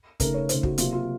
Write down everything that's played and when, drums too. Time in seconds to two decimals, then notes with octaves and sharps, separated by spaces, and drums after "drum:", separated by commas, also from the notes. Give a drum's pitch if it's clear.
0.20 C#3 A3 D#4 A#4, drum: kick, hi-hat
0.34 C#5
0.49 C#3 A3 D#4 C5, drum: hi-hat
0.63 F#4, drum: kick
0.78 C3 F#3 A#3 F4, drum: hi-hat
0.93 F4